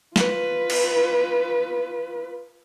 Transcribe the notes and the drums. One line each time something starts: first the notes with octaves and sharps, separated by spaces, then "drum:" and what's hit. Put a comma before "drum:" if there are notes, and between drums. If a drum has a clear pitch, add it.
F4 B4, drum: snare
drum: cymbal